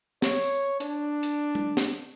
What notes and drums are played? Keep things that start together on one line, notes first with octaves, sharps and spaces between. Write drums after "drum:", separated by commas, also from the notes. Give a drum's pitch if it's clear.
C#5, drum: snare
drum: tambourine
D4, drum: hi-hat
drum: hi-hat
drum: tom G#3
drum: snare